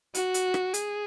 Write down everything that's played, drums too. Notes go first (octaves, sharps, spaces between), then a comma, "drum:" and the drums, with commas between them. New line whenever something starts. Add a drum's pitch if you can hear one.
F#4, drum: hi-hat
drum: hi-hat
drum: rim click
G#4, drum: hi-hat